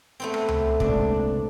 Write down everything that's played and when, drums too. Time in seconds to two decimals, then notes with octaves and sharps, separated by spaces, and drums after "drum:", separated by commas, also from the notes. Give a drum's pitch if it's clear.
0.20 A3 B3 C4
0.34 drum: rim click
0.49 drum: tom C#2
0.80 C3 G#3 A#3 D4, drum: kick